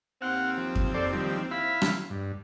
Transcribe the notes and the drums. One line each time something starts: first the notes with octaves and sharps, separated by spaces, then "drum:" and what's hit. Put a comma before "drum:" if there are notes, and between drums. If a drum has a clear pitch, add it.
D#2 C4 F#5 F6
F3
drum: kick F2
A4 C5 D5
D#3 F3 G3
E4 F5 B5
drum: rim click
G2